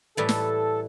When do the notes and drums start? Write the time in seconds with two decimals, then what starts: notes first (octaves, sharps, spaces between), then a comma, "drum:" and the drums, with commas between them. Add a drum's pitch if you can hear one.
0.17 A2 E3 G3 A4
0.29 drum: snare